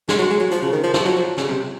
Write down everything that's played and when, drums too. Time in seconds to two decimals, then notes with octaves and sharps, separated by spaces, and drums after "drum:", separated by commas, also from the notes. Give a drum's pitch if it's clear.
0.09 G#3, drum: snare
0.19 F#3
0.30 G#3
0.40 F#3
0.51 F3, drum: hi-hat
0.62 C#3
0.72 D#3
0.83 F3
0.94 F3, drum: snare
1.05 F#3
1.16 F3
1.37 C#3, drum: snare
1.48 C3